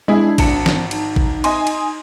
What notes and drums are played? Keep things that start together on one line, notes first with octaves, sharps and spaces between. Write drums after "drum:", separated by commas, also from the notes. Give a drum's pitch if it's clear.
G#3 D4 E4 G#4
G#1 A5 C#7, drum: kick A1, cymbal
drum: snare
D#4, drum: cymbal
drum: kick A1
D#5 G#5 C6, drum: cymbal
drum: cymbal